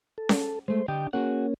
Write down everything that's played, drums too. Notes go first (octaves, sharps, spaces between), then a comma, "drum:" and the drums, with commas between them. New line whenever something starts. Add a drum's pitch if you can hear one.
A4
drum: snare C#4
G#3 A3 C5
D3 D4 G4 D#5 G5
A#3 C#4 F#4 G#4 F#5